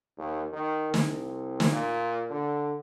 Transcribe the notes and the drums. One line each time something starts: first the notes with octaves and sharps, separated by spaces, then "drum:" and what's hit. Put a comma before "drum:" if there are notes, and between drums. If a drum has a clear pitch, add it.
D#2
D#3
C2, drum: snare
drum: snare
A#2
D3